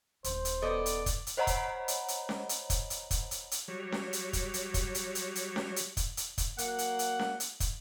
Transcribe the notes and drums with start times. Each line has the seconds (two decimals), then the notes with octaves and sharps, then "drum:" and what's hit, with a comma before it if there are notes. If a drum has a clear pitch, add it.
0.24 D#1 C#4 C5, drum: hi-hat
0.45 drum: hi-hat
0.62 B3 A4 D5 D#5
0.86 drum: hi-hat
1.06 drum: kick, hi-hat
1.27 drum: hi-hat
1.37 C5 C#5 D#5 F#5 A#5 B5
1.47 drum: kick, hi-hat
1.88 drum: hi-hat
2.08 drum: hi-hat
2.29 drum: snare C#4
2.49 drum: hi-hat
2.70 drum: kick, hi-hat
2.90 drum: hi-hat
3.11 drum: kick, hi-hat
3.31 drum: hi-hat
3.51 drum: hi-hat
3.68 F#3 G3 C#5
3.92 drum: snare C#4
4.13 drum: hi-hat
4.33 drum: kick, hi-hat
4.54 drum: hi-hat
4.74 drum: kick, hi-hat
4.95 drum: hi-hat
5.15 drum: hi-hat
5.35 drum: hi-hat
5.56 drum: snare C#4
5.76 drum: hi-hat
5.97 drum: kick, hi-hat
6.17 drum: hi-hat
6.38 drum: kick, hi-hat
6.58 F#3 A#3 F#5, drum: hi-hat
6.79 drum: hi-hat
6.99 drum: hi-hat
7.19 drum: snare C#4
7.40 drum: hi-hat
7.60 drum: kick, hi-hat